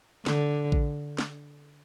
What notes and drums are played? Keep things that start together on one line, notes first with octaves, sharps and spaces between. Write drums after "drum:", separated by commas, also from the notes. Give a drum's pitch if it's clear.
D3, drum: snare
drum: kick A1
drum: snare